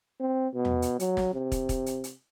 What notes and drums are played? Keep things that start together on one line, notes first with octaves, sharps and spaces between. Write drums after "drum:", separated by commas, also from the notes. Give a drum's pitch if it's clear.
C4
B2
drum: tom E2
drum: hi-hat
F#3, drum: hi-hat
drum: snare
C3
drum: kick, hi-hat
drum: kick, hi-hat
drum: hi-hat
drum: hi-hat